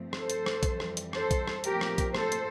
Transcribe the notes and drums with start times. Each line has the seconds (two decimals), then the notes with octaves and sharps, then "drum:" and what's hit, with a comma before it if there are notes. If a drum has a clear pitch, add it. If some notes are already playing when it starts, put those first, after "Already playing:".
Already playing: G2 F3 A3 C4
0.13 A4 C5, drum: rim click
0.30 drum: hi-hat
0.46 drum: rim click
0.63 F2 E3 G3, drum: kick A#1, hi-hat
0.80 drum: rim click
0.97 drum: hi-hat
1.13 A4 C5, drum: rim click
1.31 drum: kick A#1, hi-hat
1.48 drum: rim click
1.64 A#2 F3 A3 C4 G4 A#4, drum: hi-hat
1.81 drum: rim click
1.98 drum: kick A#1, hi-hat
2.15 A4 C5, drum: rim click
2.32 drum: hi-hat